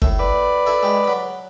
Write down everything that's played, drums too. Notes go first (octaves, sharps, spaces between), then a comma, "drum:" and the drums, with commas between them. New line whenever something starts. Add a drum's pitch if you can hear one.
A2 A3, drum: kick F#1
B4 D5
E4 A4
G#3 G4
F#3 B5